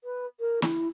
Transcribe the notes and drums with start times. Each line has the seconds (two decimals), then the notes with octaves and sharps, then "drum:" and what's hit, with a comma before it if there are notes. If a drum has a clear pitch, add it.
0.04 B4
0.39 A#4
0.62 E4, drum: snare